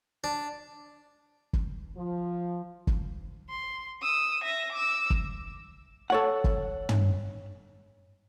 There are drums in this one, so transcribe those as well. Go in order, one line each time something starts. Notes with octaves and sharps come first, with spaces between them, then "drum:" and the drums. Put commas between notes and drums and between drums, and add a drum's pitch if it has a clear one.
D4
drum: kick
F3
drum: kick
C6
D#6 E6
E5 A#6
D6 E6
drum: kick
A4 C#5 F#5
drum: kick
drum: tom